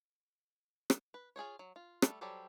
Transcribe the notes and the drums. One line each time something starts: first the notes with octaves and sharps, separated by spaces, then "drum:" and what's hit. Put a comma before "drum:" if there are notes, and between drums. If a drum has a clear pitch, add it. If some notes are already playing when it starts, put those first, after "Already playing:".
drum: rim click
B4
F4 G#4 C5 C#5
F#3
F4
G3 A3 A4, drum: rim click
F#3 G3 G4 A4 C5